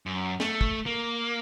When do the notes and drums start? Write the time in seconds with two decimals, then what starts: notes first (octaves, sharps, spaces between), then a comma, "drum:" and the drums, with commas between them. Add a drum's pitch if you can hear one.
0.06 F#2
0.40 A3, drum: snare
0.61 drum: kick
0.86 A#3